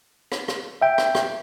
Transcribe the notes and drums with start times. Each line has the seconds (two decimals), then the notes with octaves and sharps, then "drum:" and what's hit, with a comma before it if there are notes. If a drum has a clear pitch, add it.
0.32 drum: rim click
0.48 drum: rim click
0.81 E5 G5
0.98 drum: rim click
1.15 drum: rim click